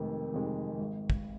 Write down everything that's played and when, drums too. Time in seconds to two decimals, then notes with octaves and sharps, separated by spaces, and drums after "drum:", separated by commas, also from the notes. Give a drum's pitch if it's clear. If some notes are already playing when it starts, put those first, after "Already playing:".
Already playing: F1 F2 C3 D#3 G#3
0.34 F2 C3 D#3 G#3
0.79 G#1
1.10 drum: kick